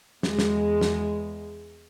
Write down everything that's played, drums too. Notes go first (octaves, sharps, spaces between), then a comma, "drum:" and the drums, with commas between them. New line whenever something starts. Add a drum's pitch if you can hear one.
E2 G#3, drum: snare
drum: snare
drum: snare